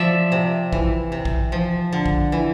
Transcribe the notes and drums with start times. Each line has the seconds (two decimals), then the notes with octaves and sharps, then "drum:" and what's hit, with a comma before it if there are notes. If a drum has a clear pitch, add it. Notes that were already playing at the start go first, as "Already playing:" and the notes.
Already playing: F3 D5 E5
0.32 C3
0.73 E3, drum: kick A#1
1.12 C3
1.25 drum: kick A#1
1.52 F3
1.93 D3
2.06 drum: kick A#1
2.32 E3